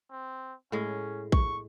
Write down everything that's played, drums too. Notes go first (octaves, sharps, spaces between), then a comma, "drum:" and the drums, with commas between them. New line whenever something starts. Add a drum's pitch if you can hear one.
C4
A2 G#3 C#4
C#6, drum: kick A#1